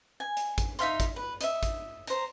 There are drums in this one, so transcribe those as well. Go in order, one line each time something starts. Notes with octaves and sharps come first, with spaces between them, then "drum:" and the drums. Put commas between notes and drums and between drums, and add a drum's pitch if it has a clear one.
G#5
drum: hi-hat
drum: kick, hi-hat
D#4 E5 F5 C6, drum: hi-hat
drum: kick, hi-hat
B4
D#5 E5, drum: hi-hat
drum: kick, hi-hat
C5 A#5, drum: hi-hat